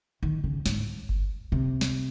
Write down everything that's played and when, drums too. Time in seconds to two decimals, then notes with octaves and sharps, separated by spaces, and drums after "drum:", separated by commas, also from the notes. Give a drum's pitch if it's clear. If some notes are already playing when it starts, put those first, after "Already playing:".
0.23 D#3
0.44 C#3
0.66 G#2, drum: snare
1.09 drum: kick G1
1.52 C3
1.81 drum: snare